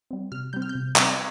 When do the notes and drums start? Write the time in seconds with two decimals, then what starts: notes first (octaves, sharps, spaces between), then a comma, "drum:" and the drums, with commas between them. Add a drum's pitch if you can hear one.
0.11 G3 C4
0.32 C3 F6
0.53 G3 C4 G6
0.62 F6
0.69 G6
0.75 C3
0.96 G3 C4, drum: clap